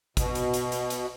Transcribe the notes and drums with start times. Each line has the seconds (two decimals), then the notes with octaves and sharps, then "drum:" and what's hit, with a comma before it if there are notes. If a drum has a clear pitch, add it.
0.17 B2, drum: kick A1, hi-hat
0.35 drum: hi-hat
0.54 drum: hi-hat
0.72 drum: hi-hat
0.90 drum: hi-hat